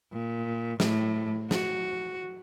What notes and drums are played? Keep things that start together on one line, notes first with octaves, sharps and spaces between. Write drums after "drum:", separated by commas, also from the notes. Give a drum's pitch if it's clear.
A#2
A2, drum: snare
F#4, drum: snare